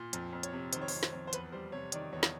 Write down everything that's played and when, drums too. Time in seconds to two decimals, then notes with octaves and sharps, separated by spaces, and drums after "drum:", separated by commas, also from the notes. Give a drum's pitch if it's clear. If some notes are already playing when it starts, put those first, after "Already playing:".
Already playing: A#2
0.13 F2, drum: hi-hat
0.33 F2
0.43 C#5, drum: hi-hat
0.53 C3
0.73 D#3 C5, drum: hi-hat
0.81 C#5
0.88 C5, drum: open hi-hat
0.94 F2
1.03 C5, drum: snare
1.13 F2
1.27 C5
1.33 E2 B4, drum: hi-hat
1.52 G3 C5
1.72 C3 C#5
1.92 D#3 D5, drum: hi-hat
2.13 E2 C#5
2.23 drum: snare